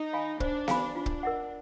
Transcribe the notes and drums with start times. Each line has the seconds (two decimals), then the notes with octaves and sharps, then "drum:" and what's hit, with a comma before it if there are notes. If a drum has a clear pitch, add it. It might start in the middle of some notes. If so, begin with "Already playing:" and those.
Already playing: D#4
0.13 F5 G#5 B5
0.40 D4 C5, drum: kick
0.68 F5 G#5 B5, drum: snare B3
0.96 D4 F4
1.06 drum: kick
1.23 A#4 D#5 F#5